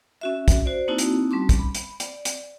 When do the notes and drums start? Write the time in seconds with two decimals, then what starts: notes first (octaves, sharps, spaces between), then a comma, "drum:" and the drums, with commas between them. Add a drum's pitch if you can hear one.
0.21 C#4 F#4 E5
0.48 drum: kick, hi-hat
0.65 F#4 C5 D5
0.88 A#3 C4 D#4 E4 F#4 A5
0.98 drum: hi-hat
1.31 G3 C#4 A5 C6 D6
1.49 drum: kick, hi-hat
1.59 B5
1.75 drum: hi-hat
2.00 D5, drum: hi-hat
2.25 drum: hi-hat